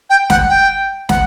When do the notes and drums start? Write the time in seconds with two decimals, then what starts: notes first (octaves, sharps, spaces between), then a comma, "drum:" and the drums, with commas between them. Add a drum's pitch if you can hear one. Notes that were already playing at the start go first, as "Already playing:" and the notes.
0.10 G5
0.30 F#5, drum: snare
0.49 G5
1.09 F#5, drum: snare